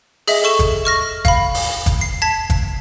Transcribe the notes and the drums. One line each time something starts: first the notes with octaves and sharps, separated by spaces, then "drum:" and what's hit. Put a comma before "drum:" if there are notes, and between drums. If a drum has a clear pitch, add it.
G#4 D#5 E5, drum: open hi-hat
A4 C#6 E7
drum: kick, hi-hat
C#6 F6 A#6
F5 B5, drum: kick, hi-hat
drum: open hi-hat
drum: kick, hi-hat
C7
A5 G#6 B6
drum: kick, hi-hat